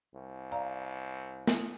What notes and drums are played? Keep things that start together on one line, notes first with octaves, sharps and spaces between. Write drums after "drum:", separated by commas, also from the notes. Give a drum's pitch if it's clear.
C2
D5 F5 A#5
drum: snare